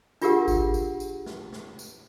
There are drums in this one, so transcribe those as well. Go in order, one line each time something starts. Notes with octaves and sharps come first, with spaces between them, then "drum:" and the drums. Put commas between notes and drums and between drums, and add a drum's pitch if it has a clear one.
D4 F4 G4 G#4 A#4 F#5, drum: tambourine
drum: kick G#1, tambourine
drum: tambourine
drum: tambourine
drum: snare
drum: snare
drum: tambourine